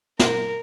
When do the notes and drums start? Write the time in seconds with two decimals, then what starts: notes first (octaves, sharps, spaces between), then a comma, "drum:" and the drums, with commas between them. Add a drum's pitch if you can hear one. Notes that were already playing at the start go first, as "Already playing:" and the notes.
0.19 A#4, drum: snare